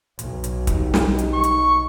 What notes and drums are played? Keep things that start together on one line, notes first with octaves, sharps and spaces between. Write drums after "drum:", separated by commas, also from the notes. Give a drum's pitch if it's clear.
B1, drum: hi-hat
drum: hi-hat
D#4 G4, drum: kick, hi-hat
drum: snare
drum: hi-hat
C#6
drum: hi-hat